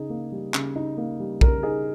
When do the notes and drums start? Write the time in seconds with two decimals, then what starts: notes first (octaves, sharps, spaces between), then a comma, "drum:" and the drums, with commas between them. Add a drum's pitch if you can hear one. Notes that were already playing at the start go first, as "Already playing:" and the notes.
Already playing: C#3 D#4 G#4
0.10 A#3
0.32 G3
0.54 C#3, drum: clap
0.76 D#4
0.98 A#3
1.20 G3
1.41 C#3 A#4, drum: kick
1.63 D#4 G#4